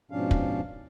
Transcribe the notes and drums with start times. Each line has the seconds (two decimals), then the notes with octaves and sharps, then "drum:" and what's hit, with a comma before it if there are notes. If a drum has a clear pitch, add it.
0.11 G#2 B2 F3 C#4 D4 F5
0.31 drum: kick